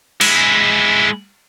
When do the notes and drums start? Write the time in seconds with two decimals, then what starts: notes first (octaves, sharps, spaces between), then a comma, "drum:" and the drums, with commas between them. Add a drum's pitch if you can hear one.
0.21 G#3 E4, drum: cymbal